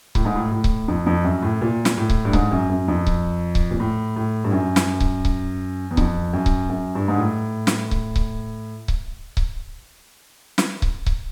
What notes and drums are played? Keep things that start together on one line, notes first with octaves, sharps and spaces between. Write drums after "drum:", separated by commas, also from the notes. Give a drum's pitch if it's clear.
A2, drum: kick C#1
G#2
A2
A2
drum: kick C#1
F2
F2
F#2
A2
A#2
drum: snare
A2
drum: kick C#1
G2
G#2, drum: kick C#1
F#2
F#2
F2
drum: kick C#1
drum: kick C#1
A#2
A2
A2
G2
F#2
drum: snare
drum: kick C#1
drum: kick C#1
E2
F2, drum: kick C#1
F#2
drum: kick C#1
F#2
G2
G#2
A2
drum: snare
drum: kick C#1
drum: kick C#1
drum: kick C#1
drum: kick C#1
drum: snare
drum: kick C#1
drum: kick C#1